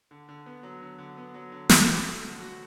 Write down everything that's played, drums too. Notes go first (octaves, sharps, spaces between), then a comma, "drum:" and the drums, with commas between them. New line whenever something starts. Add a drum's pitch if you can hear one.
D3
D3
B3
F#3
D3
D3
B3
F#3
D3
F#4, drum: snare
C4
A3
D3
F#4